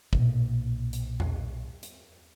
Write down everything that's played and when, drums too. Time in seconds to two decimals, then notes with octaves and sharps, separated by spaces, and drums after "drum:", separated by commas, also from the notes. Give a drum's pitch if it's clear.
0.13 B1 A#2, drum: kick
0.93 drum: hi-hat
1.20 drum: tom E2
1.83 drum: hi-hat